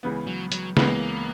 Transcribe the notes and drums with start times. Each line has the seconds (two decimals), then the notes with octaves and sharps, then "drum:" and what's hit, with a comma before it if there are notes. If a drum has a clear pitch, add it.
0.03 C#2 C#3 E3 B3
0.27 F#3
0.52 F#3, drum: hi-hat
0.77 C#2 C#3 E3 A#3 B3, drum: snare